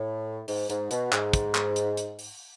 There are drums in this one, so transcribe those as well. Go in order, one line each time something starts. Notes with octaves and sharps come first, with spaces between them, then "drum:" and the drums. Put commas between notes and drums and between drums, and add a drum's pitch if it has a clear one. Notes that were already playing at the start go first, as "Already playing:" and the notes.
Already playing: A2
G#2, drum: open hi-hat
G#2, drum: hi-hat
B2, drum: hi-hat
G#2, drum: clap
drum: kick, hi-hat
drum: clap
drum: hi-hat
drum: hi-hat
drum: open hi-hat